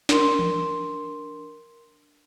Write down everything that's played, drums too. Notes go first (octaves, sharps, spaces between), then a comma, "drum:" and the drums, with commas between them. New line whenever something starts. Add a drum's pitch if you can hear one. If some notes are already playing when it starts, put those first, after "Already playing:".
D4 A#4 C6 G7, drum: snare
drum: tom E3